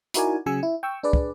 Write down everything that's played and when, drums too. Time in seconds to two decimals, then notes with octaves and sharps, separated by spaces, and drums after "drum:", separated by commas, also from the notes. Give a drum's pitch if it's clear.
0.14 D#4 E4 F#4 A#4 D5 G#5, drum: hi-hat
0.46 C#3 F#3 G#4 G#5 E6 C#7
0.63 E4
0.83 G5 C#6 E6
1.03 D4 G#4 B4 D5
1.13 drum: kick